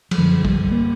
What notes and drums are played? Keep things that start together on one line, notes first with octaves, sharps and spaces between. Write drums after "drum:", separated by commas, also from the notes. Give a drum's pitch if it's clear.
F#3, drum: cymbal
F#2 D3 F3
G3, drum: kick
A#3